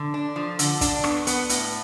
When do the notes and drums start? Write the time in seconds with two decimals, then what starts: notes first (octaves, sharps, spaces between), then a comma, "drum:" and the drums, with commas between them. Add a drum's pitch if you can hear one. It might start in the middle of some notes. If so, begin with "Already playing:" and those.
Already playing: D3
0.14 D4
0.36 F3
0.59 D3, drum: hi-hat
0.81 D4, drum: kick, hi-hat
1.04 B3, drum: rim click
1.27 B3, drum: hi-hat
1.49 A2, drum: hi-hat